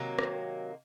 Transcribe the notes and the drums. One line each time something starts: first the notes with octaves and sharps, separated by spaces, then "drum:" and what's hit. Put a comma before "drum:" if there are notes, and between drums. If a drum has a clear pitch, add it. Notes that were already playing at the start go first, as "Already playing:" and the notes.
Already playing: C3 D#3 F#3 A#3
drum: rim click